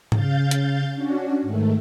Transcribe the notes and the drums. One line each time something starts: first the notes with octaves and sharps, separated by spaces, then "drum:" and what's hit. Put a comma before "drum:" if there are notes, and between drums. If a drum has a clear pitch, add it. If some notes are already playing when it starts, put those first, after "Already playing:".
C#3 F5 G6 A6, drum: tom G#2
drum: hi-hat
C#4 D4 F#4
G#2 D#3 A3